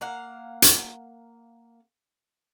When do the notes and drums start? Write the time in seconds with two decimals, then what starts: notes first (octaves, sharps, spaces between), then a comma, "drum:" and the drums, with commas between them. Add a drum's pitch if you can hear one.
0.01 A#3 F5 F#5
0.62 drum: hi-hat